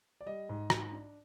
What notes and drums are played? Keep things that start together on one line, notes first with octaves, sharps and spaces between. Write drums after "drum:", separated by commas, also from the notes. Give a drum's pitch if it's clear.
D5
G3 D#5
G#2
G#2, drum: rim click
D4